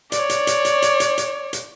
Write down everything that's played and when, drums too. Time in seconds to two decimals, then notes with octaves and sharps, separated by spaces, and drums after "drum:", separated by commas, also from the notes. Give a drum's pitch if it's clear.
0.12 C#5 D5, drum: hi-hat
0.29 drum: hi-hat
0.47 drum: hi-hat
0.65 drum: hi-hat
0.82 drum: hi-hat
1.00 drum: hi-hat
1.18 drum: hi-hat
1.53 drum: hi-hat